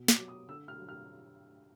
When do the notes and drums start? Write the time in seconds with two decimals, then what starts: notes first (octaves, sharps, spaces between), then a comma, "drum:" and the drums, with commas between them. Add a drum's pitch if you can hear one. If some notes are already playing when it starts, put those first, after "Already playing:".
Already playing: B2
0.08 D6, drum: snare
0.18 F#3
0.28 D#6
0.48 D3 E6
0.68 F6
0.78 F#3
0.89 F6